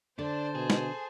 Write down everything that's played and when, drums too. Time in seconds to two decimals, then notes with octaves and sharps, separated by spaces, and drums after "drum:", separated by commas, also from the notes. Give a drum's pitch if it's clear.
0.19 D3 D4 C5 A5
0.55 B2 G#4
0.70 drum: snare